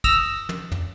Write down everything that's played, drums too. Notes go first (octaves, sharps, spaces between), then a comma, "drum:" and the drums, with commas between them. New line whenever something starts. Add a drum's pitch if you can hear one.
D#6 E6 A#6 E7 F7, drum: kick, cymbal
drum: tom
drum: tom